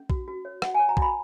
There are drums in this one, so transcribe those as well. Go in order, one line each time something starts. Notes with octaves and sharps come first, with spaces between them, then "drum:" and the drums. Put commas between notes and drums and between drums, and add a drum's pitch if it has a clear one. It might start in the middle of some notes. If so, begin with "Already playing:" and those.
Already playing: C#4
F#4, drum: kick
F#4
C#5
F#4 F#5, drum: rim click
C#5 G#5
A#5
F#4, drum: kick
B5